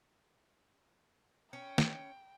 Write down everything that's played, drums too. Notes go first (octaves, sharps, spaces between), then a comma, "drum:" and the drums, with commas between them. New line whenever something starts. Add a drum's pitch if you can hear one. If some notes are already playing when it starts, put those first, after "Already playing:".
C#4 G5
drum: snare